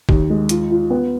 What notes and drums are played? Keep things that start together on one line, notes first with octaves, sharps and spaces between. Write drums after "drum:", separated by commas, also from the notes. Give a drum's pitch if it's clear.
D#2, drum: kick
G#3
F4, drum: hi-hat
F4
B3